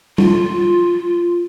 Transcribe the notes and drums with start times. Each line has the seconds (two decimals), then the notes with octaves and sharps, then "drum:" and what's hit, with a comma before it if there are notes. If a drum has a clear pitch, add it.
0.18 F4, drum: tom G3